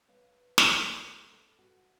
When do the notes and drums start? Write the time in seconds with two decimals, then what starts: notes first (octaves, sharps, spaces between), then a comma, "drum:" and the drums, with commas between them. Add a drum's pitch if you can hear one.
0.08 B4 C#5 F5
0.58 drum: snare
0.83 E4 A#4 C5
1.28 A4 B4
1.59 F#4